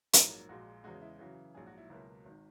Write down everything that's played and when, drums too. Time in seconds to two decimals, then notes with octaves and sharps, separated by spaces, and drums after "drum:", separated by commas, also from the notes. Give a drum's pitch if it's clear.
0.13 A#1 G#2 F#3 A#3 E4, drum: hi-hat
0.49 A#1 A#2 G#3 F#4
0.84 E2 C#3 G#3 F#4
1.02 E4
1.19 F#2 C#3 E3 F#4
1.55 A#1 G#2 F#3 G#4
1.67 F#4
1.78 E4
1.90 C#2 B2 F#3 A#3
2.25 G#1 D#3